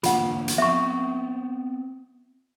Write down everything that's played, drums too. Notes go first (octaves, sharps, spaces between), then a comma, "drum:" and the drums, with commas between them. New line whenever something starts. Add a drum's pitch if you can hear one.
D3 E3 A#3 F4 F#5, drum: hi-hat
drum: hi-hat
B3 C4 E5 C#6